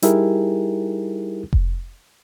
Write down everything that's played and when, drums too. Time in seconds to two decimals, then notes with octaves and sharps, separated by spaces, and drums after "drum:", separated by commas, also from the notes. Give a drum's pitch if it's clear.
0.02 G3 D#4 E4 G4 G#4 A#4, drum: hi-hat
1.53 drum: kick F1